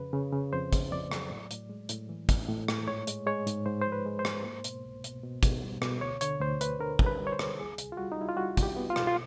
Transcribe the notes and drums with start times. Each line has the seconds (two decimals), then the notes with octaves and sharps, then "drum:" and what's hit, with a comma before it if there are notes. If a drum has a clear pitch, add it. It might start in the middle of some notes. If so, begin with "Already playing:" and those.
Already playing: F2 C#3 B4
0.13 C#3
0.32 C#3
0.53 F2 C5
0.73 C#3, drum: kick, hi-hat
0.92 F2 D5
1.11 F#3, drum: rim click
1.30 A2
1.51 A2, drum: hi-hat
1.69 G#3
1.89 A2, drum: hi-hat
2.09 E3
2.29 A2, drum: kick, hi-hat
2.48 A2
2.68 A2, drum: rim click
2.88 G#2 C#5
3.07 G#3, drum: hi-hat
3.26 G#3 C#5
3.47 G#2, drum: hi-hat
3.66 G#2 C5
3.82 F3 C5
3.92 B4
4.06 G#3
4.19 C5
4.25 G#2, drum: rim click
4.44 A#3
4.64 B2, drum: hi-hat
4.85 C2
5.04 B2, drum: hi-hat
5.24 B2
5.43 B2, drum: kick, hi-hat
5.63 G3
5.82 B2, drum: rim click
6.01 D2 C#5
6.21 D3 C#5, drum: hi-hat
6.40 D2 C5
6.61 D2 B4, drum: hi-hat
6.80 D3 A#4
6.99 G3, drum: kick
7.06 B4
7.20 G3
7.27 C#5
7.32 C5
7.39 D2, drum: rim click
7.58 C2 G#4
7.78 C2, drum: hi-hat
7.92 F4
7.97 G3 F#4
8.12 D#4
8.17 G3 E4
8.29 F4
8.37 G3 F#4
8.57 C2, drum: kick, hi-hat
8.63 G4
8.76 B3
8.90 F4
8.96 B2, drum: rim click
9.07 F4